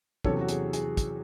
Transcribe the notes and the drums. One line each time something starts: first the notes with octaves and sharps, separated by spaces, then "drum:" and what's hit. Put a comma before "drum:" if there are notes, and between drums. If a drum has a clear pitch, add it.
E2 C3 F#3 C#4 A4 C#5, drum: kick
F#4
G#4, drum: hi-hat
G#4, drum: hi-hat
drum: kick, hi-hat